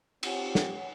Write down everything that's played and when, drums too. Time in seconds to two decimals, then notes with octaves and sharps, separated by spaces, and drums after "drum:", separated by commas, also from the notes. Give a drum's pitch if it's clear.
0.23 C4 F4 G4 C#5 F#5 G#5, drum: cymbal
0.55 drum: snare